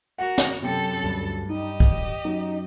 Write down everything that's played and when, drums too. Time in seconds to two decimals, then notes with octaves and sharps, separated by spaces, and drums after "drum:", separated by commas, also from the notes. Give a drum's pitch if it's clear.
0.18 F#4 A#4 F#5
0.38 drum: snare
0.62 F#2 C3 A4 G5 A6 C#7
1.04 D2 G2
1.50 D#4 G4 D#5
1.80 D1, drum: kick
2.25 F#2 D#4